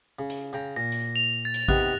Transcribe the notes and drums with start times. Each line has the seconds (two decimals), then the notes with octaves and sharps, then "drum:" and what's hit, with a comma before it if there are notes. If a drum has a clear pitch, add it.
0.19 C#3
0.30 drum: hi-hat
0.53 C#3 G5 A#5
0.76 A#2 A#6
0.92 drum: hi-hat
1.16 F7
1.45 A6
1.54 drum: hi-hat
1.68 C3 D#3 B3 F#6, drum: kick A1